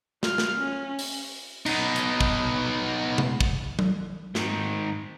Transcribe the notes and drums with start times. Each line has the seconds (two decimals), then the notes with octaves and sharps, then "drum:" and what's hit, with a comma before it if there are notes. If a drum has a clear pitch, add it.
0.23 F4 F6, drum: snare
0.38 drum: snare
0.59 C#4
0.99 drum: open hi-hat
1.66 B3 D#4, drum: cymbal
1.96 drum: hi-hat
2.21 drum: kick
3.18 drum: tom C3
3.41 drum: kick
3.79 drum: tom F#3
4.35 G#2 D#3, drum: snare